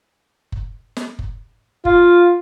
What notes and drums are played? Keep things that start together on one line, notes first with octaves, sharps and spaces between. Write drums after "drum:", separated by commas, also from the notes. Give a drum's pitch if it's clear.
drum: kick F#1
drum: snare
drum: kick F#1
F4, drum: kick F#1